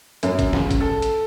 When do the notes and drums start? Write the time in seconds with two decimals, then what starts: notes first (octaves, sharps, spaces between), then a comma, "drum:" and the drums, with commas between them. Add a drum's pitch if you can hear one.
0.23 F#2, drum: hi-hat
0.39 drum: kick, hi-hat
0.53 C#2, drum: snare
0.71 drum: kick, hi-hat
0.80 A4
1.02 drum: hi-hat